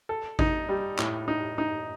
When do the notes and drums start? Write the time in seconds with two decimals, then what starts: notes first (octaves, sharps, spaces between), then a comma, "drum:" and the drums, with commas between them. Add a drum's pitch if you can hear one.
0.09 A4
0.39 D#4, drum: kick G#1
0.69 G3
0.99 A2, drum: clap
1.28 D#4
1.58 D#4